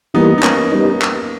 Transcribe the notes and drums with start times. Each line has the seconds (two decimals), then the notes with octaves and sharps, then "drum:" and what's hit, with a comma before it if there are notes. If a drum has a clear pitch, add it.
0.14 E3 G3 A#3 B3 D#4
0.38 D#4
0.43 A#3 C#4, drum: clap
0.72 G3 B3 D#4
1.02 drum: clap